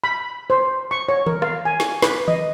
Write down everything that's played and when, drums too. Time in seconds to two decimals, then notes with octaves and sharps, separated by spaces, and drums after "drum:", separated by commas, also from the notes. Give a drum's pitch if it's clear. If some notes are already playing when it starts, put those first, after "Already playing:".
0.04 B5
0.50 C5
0.91 C#6
1.09 C#5
1.27 A#4, drum: tom D#3
1.42 F5, drum: rim click
1.65 G#5
1.80 drum: snare
2.02 B4, drum: snare
2.28 D#5, drum: tom D#3